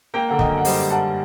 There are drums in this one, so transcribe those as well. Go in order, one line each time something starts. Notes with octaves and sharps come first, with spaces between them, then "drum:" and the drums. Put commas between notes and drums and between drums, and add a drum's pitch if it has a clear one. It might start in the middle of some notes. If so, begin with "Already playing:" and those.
A#3 G5 A#5
D3 F#5
D#5 G5, drum: kick
F#2
F#5
G3 C5 D#5, drum: open hi-hat
G3
F#5 A5
A#3